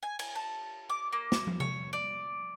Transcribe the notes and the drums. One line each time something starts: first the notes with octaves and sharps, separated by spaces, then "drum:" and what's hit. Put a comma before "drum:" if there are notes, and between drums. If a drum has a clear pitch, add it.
G#5
G#5, drum: cymbal
A5
D6
A#3
drum: snare
drum: tom
C#5, drum: tom C3
D5